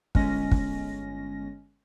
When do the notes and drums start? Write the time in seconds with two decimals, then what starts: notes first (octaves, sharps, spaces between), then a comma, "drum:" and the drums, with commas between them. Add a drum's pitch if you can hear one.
0.15 G1 G#3 C#4 A#6, drum: kick
0.51 drum: kick